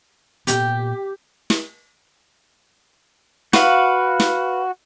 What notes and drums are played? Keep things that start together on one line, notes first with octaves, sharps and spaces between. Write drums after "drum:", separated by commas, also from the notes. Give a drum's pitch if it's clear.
A#2 B3 G4, drum: hi-hat
drum: snare
F#4 B4 F5, drum: snare
drum: snare